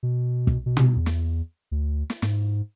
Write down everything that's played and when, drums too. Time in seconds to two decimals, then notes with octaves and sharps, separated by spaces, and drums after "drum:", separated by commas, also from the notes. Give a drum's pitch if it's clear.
0.03 B2
0.47 drum: kick
0.66 B2
0.77 drum: tom
0.96 E2
1.06 drum: snare
1.71 D2
2.10 drum: snare
2.22 G#2, drum: snare